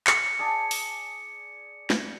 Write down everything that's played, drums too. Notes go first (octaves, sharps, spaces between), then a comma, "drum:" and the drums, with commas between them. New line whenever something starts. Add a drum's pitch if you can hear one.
C#7, drum: clap
G#4 D5 A5
drum: open hi-hat
drum: snare